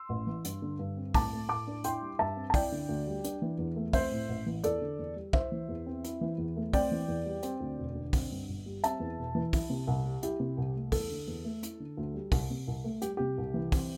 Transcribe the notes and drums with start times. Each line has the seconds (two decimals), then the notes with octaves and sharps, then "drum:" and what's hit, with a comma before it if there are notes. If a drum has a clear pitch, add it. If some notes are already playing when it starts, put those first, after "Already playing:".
Already playing: C6 E6
0.09 A1
0.27 E3
0.44 G2, drum: hi-hat
0.62 D3
0.79 G2
0.97 C4
1.14 A2 A5 D6, drum: kick, open hi-hat
1.33 A3
1.49 A2 A5 D6
1.67 D4
1.84 E4 G5 C6, drum: hi-hat
2.02 G3
2.19 G2 E5 A5
2.37 C4
2.50 A5
2.54 E4 D5 G5, drum: kick, open hi-hat
2.72 D3
2.89 D2
3.07 G3
3.24 D4, drum: hi-hat
3.42 E3
3.59 E2
3.76 A3
3.93 C4 C5 E5, drum: kick, open hi-hat
4.12 A2
4.29 A1
4.46 E3
4.64 E2 A4 D5, drum: hi-hat
4.82 D3
4.99 E2
5.16 G3
5.33 E4 C5 E5, drum: kick
5.52 E3
5.69 E2
5.87 C4
6.04 E4, drum: hi-hat
6.21 E3
6.38 E2
6.56 A3
6.73 C4 D5 G5, drum: kick, open hi-hat
6.92 E3
7.08 E2
7.26 G3
7.43 C4, drum: hi-hat
7.60 D2
7.78 E1
7.95 D3
8.13 C4, drum: kick, open hi-hat
8.31 G2
8.48 G1
8.66 G3
8.84 C4 E5 A5, drum: hi-hat
9.00 E2
9.18 E1
9.35 E3
9.53 E4, drum: kick, open hi-hat
9.70 C3
9.87 C2
10.05 G3
10.23 E4 G4, drum: hi-hat
10.40 C3
10.57 C2
10.75 A3
10.92 E2 A4, drum: kick, open hi-hat
11.10 D3
11.28 E2
11.44 A3
11.63 E4, drum: hi-hat
11.80 D3
11.97 D2
12.14 G3
12.32 C2, drum: kick, open hi-hat
12.50 C3
12.67 C2
12.84 A3
13.02 G3 G4, drum: hi-hat
13.17 C3 G4
13.38 C2
13.54 E3
13.72 C4, drum: kick, open hi-hat